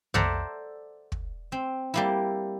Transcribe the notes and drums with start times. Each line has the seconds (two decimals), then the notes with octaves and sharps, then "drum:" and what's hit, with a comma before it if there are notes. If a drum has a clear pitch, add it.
0.14 A4 C5 D5 E5 F#5 A#5, drum: tom
1.12 drum: kick
1.52 C4
1.94 G3 A#3 E4